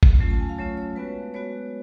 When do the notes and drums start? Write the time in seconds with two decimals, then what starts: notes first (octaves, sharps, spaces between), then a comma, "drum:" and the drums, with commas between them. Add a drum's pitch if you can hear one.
0.03 drum: kick
0.20 F#3 A3 C#4 F4
0.30 A5
0.40 G#5
0.49 F5
0.58 F#3 A3 C#4 F4 C#5
0.78 C#5
0.95 G#3 B3 F#4 B4
1.34 G#3 B3 F#4 C#5